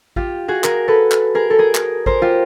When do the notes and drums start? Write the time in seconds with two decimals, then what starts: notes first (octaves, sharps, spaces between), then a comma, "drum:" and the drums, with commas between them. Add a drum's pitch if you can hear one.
0.16 F4 G4, drum: kick A1
0.48 F#4 G#4
0.64 G#4 A#4, drum: clap
0.88 A4 B4
1.12 drum: clap
1.35 G#4 A#4
1.50 A4
1.59 G#4 A#4
1.75 drum: clap
2.06 A#4 C5, drum: kick A1
2.22 F4 G4